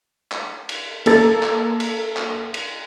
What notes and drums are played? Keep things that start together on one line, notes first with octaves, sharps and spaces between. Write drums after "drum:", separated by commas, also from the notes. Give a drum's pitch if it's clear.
drum: clap
drum: cymbal
A#3 A4 A6, drum: cymbal
drum: clap
drum: cymbal
drum: clap
drum: cymbal